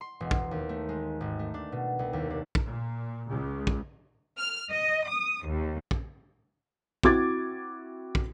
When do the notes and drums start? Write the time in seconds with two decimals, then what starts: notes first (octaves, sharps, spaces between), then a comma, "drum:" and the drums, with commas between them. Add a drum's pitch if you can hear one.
0.01 C6
0.20 E1
0.31 drum: kick
0.51 D#2
0.69 A3
0.89 G#3
1.21 G#1
1.39 A3
1.54 D4
1.72 B2
1.99 C2
2.13 D#2
2.30 D4
2.55 drum: kick
2.64 A#2
3.27 C#2
3.67 drum: kick
4.38 F6
4.71 D#5
5.08 D#6
5.47 D#2
5.91 drum: kick
7.03 C4 E4 F#4 D6 G#6 A6, drum: kick
8.15 drum: kick